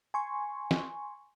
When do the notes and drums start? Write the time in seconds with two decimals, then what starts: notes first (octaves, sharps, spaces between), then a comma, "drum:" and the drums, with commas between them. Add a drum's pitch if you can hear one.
0.14 G#5 C6 C#6
0.71 drum: snare